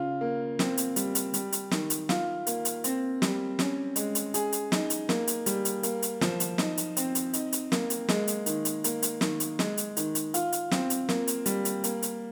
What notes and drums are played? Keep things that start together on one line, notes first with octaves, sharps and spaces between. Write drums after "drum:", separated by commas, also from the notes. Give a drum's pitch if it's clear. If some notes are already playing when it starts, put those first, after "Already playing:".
Already playing: C#3 F4
A#3
C4, drum: snare
drum: hi-hat
G3, drum: hi-hat
drum: hi-hat
G3, drum: hi-hat
drum: hi-hat
D#3, drum: snare
drum: hi-hat
F4, drum: snare
A#3, drum: hi-hat
drum: hi-hat
C4, drum: hi-hat
G3, drum: snare
C#4, drum: snare
G#3, drum: hi-hat
drum: hi-hat
G#4, drum: hi-hat
drum: hi-hat
D#4, drum: snare
drum: hi-hat
A#3, drum: snare
drum: hi-hat
G3, drum: hi-hat
drum: hi-hat
A#3, drum: hi-hat
drum: hi-hat
F3, drum: snare
drum: hi-hat
D#4, drum: snare
drum: hi-hat
C4, drum: hi-hat
drum: hi-hat
D#4, drum: hi-hat
drum: hi-hat
A#3, drum: snare
drum: hi-hat
G#3, drum: snare
drum: hi-hat
D#3, drum: hi-hat
drum: hi-hat
A#3, drum: hi-hat
drum: hi-hat
D#3, drum: snare
drum: hi-hat
G#3, drum: snare
drum: hi-hat
D#3, drum: hi-hat
drum: hi-hat
F4, drum: hi-hat
drum: hi-hat
C4, drum: snare
drum: hi-hat
A#3, drum: snare
drum: hi-hat
G3, drum: hi-hat
drum: hi-hat
A#3, drum: hi-hat
drum: hi-hat